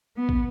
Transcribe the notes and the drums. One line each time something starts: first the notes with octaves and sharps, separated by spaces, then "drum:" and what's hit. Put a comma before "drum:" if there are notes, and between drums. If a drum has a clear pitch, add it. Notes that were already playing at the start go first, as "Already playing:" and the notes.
B3
drum: kick